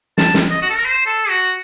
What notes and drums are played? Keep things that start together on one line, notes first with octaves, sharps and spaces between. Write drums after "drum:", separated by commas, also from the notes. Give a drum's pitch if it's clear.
A5, drum: snare
drum: snare
D#5
F#4
A4
A#4
C5
A4
F#4